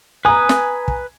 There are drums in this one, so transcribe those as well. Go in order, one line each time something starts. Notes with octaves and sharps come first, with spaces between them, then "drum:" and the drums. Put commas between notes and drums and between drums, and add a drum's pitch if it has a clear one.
B4 G#5 A#5 D#6
drum: snare
drum: kick